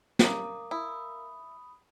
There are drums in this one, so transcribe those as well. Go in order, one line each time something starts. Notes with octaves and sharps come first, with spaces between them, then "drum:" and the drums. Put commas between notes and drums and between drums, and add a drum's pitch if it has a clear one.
A#4 F5 A#5 D6 D#6, drum: snare
E4 B5 D#6